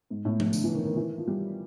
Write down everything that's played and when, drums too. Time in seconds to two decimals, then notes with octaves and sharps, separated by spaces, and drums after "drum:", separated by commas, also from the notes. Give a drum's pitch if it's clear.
0.10 G#2
0.25 A2
0.40 A2, drum: tom F3
0.53 D3, drum: tambourine
0.64 E3
0.74 D#3
0.85 D#3
0.96 E3
1.18 F3
1.27 G3